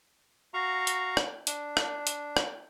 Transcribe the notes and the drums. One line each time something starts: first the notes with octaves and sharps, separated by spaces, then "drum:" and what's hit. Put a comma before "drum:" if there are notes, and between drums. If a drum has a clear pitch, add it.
F#4 F5 A#5 C#6
drum: hi-hat
drum: rim click
D4, drum: hi-hat
drum: rim click
drum: hi-hat
drum: rim click